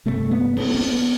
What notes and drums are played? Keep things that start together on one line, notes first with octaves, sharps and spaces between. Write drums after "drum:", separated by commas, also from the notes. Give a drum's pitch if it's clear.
G1 F2 C3 A3
B3
B3, drum: cymbal
C4
B3